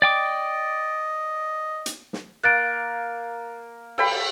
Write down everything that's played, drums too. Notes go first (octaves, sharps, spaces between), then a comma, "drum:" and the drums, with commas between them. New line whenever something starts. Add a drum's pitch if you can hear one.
D5 D#5 G5 D6
drum: hi-hat
drum: snare
A#3 F#6 A6 D7
A4 G5 B5, drum: cymbal